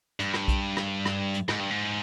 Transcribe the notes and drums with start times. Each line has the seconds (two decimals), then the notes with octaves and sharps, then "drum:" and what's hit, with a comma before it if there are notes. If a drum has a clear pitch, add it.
0.20 G2, drum: hi-hat
0.34 drum: rim click
0.48 drum: kick B1, hi-hat
0.77 drum: rim click
1.06 drum: rim click
1.34 drum: hi-hat
1.49 G#2, drum: rim click
1.60 G2
1.70 G#2